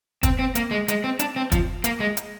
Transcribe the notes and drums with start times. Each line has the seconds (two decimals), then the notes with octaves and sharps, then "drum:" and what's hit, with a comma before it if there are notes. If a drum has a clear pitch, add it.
0.23 C4, drum: kick, hi-hat
0.39 C4
0.55 A#3, drum: hi-hat
0.71 G#3
0.88 G#3, drum: hi-hat
1.04 C4
1.19 D4, drum: hi-hat
1.36 C4
1.52 F3, drum: kick, hi-hat
1.84 A#3, drum: hi-hat
2.00 G#3
2.17 drum: hi-hat